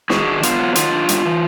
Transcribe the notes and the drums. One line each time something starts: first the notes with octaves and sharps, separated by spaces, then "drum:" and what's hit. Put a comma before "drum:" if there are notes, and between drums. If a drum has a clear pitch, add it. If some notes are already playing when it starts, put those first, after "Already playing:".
D#3 F#4 G#4, drum: snare
D4
B3 F4, drum: hi-hat
F#3
D#3 F4, drum: hi-hat
D4
G3, drum: hi-hat
E3